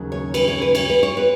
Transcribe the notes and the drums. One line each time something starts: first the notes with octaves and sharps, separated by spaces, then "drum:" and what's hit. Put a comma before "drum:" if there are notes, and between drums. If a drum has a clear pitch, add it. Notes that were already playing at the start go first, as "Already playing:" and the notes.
Already playing: D#2 C#3 F#3
C#5
B4, drum: cymbal
C#5
B4
C#5, drum: cymbal
B4
C#5
B4